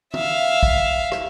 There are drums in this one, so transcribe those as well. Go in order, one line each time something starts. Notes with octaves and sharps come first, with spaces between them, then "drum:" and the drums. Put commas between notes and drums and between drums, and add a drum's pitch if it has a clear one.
E5 F5, drum: tom
drum: kick
drum: rim click